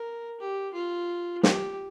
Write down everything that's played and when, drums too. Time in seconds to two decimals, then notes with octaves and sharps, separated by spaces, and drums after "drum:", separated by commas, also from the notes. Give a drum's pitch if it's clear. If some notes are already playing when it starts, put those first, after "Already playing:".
Already playing: A#4
0.40 G4
0.74 F4
1.43 G4, drum: snare